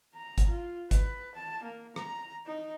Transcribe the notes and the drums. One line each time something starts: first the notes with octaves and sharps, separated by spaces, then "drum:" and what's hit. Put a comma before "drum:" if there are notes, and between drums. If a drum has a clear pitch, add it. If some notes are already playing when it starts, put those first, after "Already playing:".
A#5
drum: kick, hi-hat
F4
B4, drum: kick, hi-hat
A5
A#3
A#5, drum: rim click
D#4